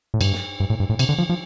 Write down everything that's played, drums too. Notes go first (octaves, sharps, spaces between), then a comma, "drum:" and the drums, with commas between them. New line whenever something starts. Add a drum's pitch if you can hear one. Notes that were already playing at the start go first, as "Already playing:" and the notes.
A2
G2, drum: cymbal
drum: snare
G2
A2
G2
A2
C3, drum: cymbal
D3
F3
F3